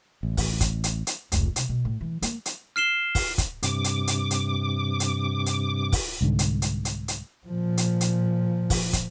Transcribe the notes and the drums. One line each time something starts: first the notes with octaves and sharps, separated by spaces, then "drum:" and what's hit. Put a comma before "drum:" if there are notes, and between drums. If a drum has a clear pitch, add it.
A1
drum: kick, open hi-hat
drum: kick, hi-hat
drum: hi-hat
drum: hi-hat
F1 C#2, drum: hi-hat
C3, drum: hi-hat
B2
A2
E3
A#3, drum: hi-hat
drum: hi-hat
F6 C7 E7 G7
drum: kick, open hi-hat
drum: kick, hi-hat
G2 C3 D6, drum: hi-hat
drum: hi-hat
drum: hi-hat
drum: hi-hat
drum: hi-hat
drum: hi-hat
drum: kick, open hi-hat
C2 G#2 D3
drum: hi-hat
drum: hi-hat
drum: hi-hat
drum: hi-hat
A#2 F3
drum: hi-hat
drum: hi-hat
drum: kick, open hi-hat
drum: kick, hi-hat